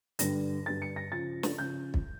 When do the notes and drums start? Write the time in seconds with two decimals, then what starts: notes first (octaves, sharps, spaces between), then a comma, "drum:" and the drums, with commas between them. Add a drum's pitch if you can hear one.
0.19 G2 D3 G3 A#6, drum: hi-hat
0.66 G2 D3 G3 A6
0.82 C#7
0.96 A#6
1.12 C#3 F3 C#4 A6
1.43 drum: snare
1.58 C#3 F3 C#4 G6
1.94 drum: kick